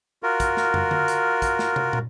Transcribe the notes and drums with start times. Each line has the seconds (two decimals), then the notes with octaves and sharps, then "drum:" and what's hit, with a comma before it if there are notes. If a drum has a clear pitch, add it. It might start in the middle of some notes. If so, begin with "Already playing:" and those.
0.23 F4 F#4 A#4
0.40 drum: kick, hi-hat
0.57 drum: snare
0.74 drum: tom
0.91 drum: tom D3
1.08 drum: hi-hat
1.42 drum: kick, hi-hat
1.59 drum: snare
1.76 drum: tom
1.93 drum: tom